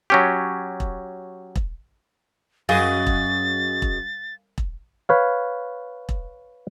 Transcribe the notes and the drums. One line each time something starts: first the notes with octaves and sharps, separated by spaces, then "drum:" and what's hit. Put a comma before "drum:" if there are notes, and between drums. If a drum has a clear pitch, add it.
F#3 C#4 G4
drum: kick E1
drum: kick E1
F#2 F#4 G#4 D#5 F5 G#5 A6
drum: kick E1
drum: kick E1
drum: kick E1
B4 C#5 F5
drum: kick E1